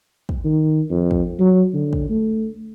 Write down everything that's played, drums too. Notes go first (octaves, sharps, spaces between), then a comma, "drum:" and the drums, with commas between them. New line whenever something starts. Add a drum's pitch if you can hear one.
drum: kick
D#3
F2
drum: kick
F#3
D3
drum: kick
A3